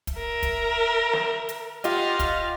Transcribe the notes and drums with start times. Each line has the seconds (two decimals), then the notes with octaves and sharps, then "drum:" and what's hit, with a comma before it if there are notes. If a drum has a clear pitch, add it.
0.07 drum: kick, hi-hat
0.17 A#4 E5
0.43 drum: kick, hi-hat
1.13 drum: snare
1.49 drum: hi-hat
1.84 F4 G4 D#5 F5 F#5 F6, drum: hi-hat
2.19 drum: kick, hi-hat